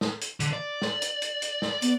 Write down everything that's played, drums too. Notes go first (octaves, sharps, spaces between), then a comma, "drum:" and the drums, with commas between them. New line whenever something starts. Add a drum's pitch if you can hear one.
drum: snare
drum: hi-hat
D3, drum: hi-hat
D5
drum: snare
drum: hi-hat
drum: hi-hat
drum: hi-hat
drum: snare
B3, drum: hi-hat